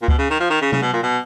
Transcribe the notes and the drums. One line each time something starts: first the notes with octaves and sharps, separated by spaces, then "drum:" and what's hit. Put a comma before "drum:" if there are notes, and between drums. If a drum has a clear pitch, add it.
A#2
B2, drum: kick C#2
C#3
D#3
F3
D#3
C#3
C#3, drum: tom C3
B2
A#2
B2